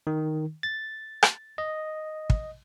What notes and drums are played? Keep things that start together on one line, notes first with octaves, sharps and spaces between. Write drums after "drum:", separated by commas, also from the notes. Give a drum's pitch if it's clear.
D#3
A6
drum: rim click
D#5
drum: kick